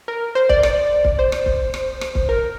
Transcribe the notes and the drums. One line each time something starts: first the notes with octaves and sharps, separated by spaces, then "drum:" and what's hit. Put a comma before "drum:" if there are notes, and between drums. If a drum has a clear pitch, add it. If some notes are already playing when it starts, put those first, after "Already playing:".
A#4
C5
D5, drum: kick
D5, drum: rim click
drum: kick
C5
drum: rim click
drum: kick
drum: rim click
drum: rim click
drum: kick
A#4